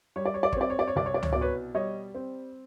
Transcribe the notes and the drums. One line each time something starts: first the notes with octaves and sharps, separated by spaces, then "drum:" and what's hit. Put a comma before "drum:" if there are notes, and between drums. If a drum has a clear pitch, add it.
G3 C#5
D5
C#5
D5
C#5, drum: kick
C4 D5
C#5
D5
C#5
C2 D5
C#5
D5
C#5, drum: tom C#2
B2 D5
B4 C#5
G3 C#5 D#5
C4